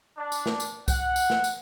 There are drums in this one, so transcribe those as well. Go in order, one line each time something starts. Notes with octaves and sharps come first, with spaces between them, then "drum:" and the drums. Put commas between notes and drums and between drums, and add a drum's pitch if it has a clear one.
D4
drum: tambourine
drum: snare
drum: tambourine
F#5, drum: kick C2, tambourine
drum: tambourine
drum: snare
drum: tambourine